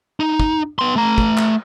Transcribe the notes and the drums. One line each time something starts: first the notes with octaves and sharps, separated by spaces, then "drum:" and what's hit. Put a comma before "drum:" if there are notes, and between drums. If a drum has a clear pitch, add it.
D#4
drum: kick
B3 C6
A3 A#5
drum: kick
drum: clap